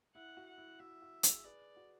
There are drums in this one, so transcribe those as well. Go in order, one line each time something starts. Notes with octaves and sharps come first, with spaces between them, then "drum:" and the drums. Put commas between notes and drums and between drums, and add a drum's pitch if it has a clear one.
E4 F#5
F#4
F#5
E4
F#4 E5
F#4
E4 G#4, drum: hi-hat
G#4 B4 D5
F#4